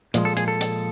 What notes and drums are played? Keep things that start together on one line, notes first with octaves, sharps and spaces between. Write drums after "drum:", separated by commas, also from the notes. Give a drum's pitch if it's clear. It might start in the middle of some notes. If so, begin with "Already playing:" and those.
A#2 F3 G#3, drum: hi-hat
A4
G#4, drum: hi-hat
A4
drum: hi-hat